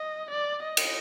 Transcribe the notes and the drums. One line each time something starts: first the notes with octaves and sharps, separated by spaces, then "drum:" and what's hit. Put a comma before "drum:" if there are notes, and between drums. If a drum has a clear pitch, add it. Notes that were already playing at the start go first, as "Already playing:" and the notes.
Already playing: D#5
D5
D#5
drum: cymbal